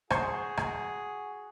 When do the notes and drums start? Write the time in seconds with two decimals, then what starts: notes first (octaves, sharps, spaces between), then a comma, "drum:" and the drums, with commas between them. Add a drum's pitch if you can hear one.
0.10 F#4 G#4 C5 C#6, drum: rim click
0.57 drum: rim click